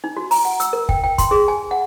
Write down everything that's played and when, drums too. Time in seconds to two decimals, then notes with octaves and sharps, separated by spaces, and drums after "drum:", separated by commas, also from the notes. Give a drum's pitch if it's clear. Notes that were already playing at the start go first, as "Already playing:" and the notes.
0.04 D#4
0.17 F#4
0.31 A#5, drum: open hi-hat
0.45 F#5
0.60 E6, drum: hi-hat
0.73 A#4
0.89 G5, drum: kick
1.04 G5
1.18 C6, drum: kick, hi-hat
1.31 G#4
1.48 G#5
1.71 F#5